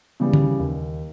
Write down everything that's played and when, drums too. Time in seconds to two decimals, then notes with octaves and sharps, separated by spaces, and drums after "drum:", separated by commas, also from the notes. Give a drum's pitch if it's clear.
0.20 C#3 E3 G3
0.33 drum: tom
0.59 D#2